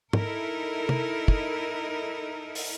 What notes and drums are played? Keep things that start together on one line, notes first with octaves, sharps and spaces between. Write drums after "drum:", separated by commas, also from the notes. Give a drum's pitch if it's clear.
D#4 E4 A4 A#4, drum: tom
drum: tom
drum: kick
drum: open hi-hat